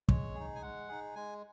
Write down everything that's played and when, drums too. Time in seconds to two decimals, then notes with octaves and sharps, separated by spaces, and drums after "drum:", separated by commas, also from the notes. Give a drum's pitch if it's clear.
0.09 G#3 C#5, drum: kick
0.35 D#4 G#4
0.55 G#5
0.62 G#3 F#5
0.88 D#4 G#4
1.15 G#3 G#5